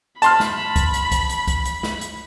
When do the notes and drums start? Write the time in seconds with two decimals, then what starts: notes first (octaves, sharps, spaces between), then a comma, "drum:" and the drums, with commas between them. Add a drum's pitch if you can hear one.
0.22 A5 B5 C6 F6, drum: hi-hat
0.40 drum: snare
0.76 drum: kick C2, hi-hat
0.94 drum: hi-hat
1.12 drum: kick C2, hi-hat
1.30 drum: hi-hat
1.47 drum: kick C2, hi-hat
1.65 drum: hi-hat
1.83 drum: snare
2.01 drum: hi-hat